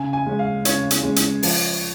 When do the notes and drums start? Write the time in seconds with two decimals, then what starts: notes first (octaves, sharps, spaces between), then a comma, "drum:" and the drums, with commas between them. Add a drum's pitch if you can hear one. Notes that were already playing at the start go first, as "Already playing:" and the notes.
Already playing: C#3 G#5
0.13 G#5
0.26 G#3 C#4
0.39 F5
0.65 C#3 C#5, drum: hi-hat
0.91 drum: hi-hat
1.03 G#3 C#4
1.16 drum: hi-hat
1.43 F3, drum: open hi-hat